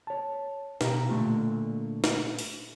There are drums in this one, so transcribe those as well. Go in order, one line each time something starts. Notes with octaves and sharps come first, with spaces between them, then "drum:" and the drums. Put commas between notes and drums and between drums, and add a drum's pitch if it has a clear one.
C#5 A5
B2 G4 F5 A#5, drum: snare
A#2 D3 A3 F4
drum: snare
drum: open hi-hat